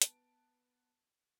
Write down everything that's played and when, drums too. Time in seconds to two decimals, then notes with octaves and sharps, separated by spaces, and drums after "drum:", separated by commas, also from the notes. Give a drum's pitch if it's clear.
0.02 B3 A5 D7, drum: hi-hat